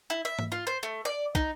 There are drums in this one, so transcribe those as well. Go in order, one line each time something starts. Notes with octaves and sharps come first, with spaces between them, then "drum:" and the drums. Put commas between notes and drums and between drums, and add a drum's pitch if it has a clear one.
E4
E5
drum: tom G#2
F4
C5
A3
D5
D#4, drum: kick